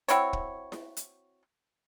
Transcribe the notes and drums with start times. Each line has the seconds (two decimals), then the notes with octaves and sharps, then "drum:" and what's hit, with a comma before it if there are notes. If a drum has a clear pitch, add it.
0.08 C4 E4 F#4 C#5, drum: hi-hat
0.33 drum: kick
0.72 drum: snare E4
0.97 drum: hi-hat